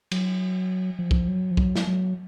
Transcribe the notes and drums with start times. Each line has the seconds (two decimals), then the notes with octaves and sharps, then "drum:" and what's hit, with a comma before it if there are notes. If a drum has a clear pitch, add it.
0.11 F#3, drum: cymbal
0.99 F3
1.11 drum: kick
1.28 F#3
1.51 F3
1.57 F#3, drum: kick
1.76 drum: snare
1.87 F#3